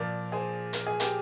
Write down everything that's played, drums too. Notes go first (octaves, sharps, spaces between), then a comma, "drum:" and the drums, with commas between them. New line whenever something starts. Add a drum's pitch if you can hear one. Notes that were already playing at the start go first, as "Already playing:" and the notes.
Already playing: A#2 F3 A#4 D5
G#4 C5
A#4, drum: hi-hat
G#4
G4 A#4, drum: hi-hat